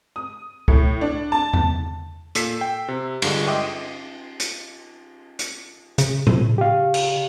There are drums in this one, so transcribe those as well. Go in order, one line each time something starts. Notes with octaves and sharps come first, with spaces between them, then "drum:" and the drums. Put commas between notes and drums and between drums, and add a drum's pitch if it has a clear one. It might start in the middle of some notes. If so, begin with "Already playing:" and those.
D#6
A2, drum: kick C#2
D4
A5
drum: tom E2
A#2 A4 E6 B6 C7 E7, drum: hi-hat
G5
C3
G2 D3 G#3, drum: cymbal
D#5 E5 G5 C6 D6 D#6
drum: hi-hat
drum: hi-hat
C#3, drum: hi-hat
drum: tom A2
G4 F5
drum: cymbal